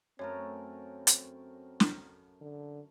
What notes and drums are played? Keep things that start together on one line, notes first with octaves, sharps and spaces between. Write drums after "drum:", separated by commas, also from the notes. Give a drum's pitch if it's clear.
F#2 A3 C4 A#4 C#5
drum: hi-hat
drum: snare
D3